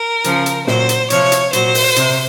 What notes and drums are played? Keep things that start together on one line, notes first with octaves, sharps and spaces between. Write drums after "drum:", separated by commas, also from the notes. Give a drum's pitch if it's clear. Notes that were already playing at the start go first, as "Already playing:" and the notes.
Already playing: A#4
C#3 F3, drum: hi-hat
drum: hi-hat
A#2 F#3 C5, drum: snare
drum: hi-hat
C3 F3 C#5, drum: hi-hat
drum: hi-hat
A#2 F#3 C5, drum: hi-hat
drum: open hi-hat
C3, drum: hi-hat